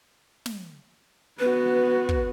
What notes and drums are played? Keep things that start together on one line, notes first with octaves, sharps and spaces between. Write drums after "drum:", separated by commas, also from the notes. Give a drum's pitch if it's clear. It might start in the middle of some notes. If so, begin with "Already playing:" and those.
drum: snare
B3 F#4 B4
drum: kick